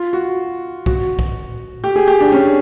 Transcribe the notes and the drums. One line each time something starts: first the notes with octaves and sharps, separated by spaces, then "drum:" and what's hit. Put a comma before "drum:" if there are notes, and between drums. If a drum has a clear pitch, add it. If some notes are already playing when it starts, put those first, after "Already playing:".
Already playing: F4
F#4
F#4, drum: kick B1
drum: kick B1
G4
G#4
G4
D4
C#4